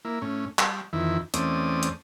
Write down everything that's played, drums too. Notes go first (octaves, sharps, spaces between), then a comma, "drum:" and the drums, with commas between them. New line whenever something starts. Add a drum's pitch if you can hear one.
A#3 E4
A2 C#4
G3, drum: clap
F2 D#3 E3 E4
E2 A3 C4 C#4 D5 D#6, drum: hi-hat
drum: hi-hat